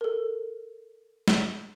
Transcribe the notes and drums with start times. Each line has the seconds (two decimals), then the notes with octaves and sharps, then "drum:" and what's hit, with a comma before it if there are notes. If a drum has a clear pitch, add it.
0.01 A4 A#4
1.28 drum: snare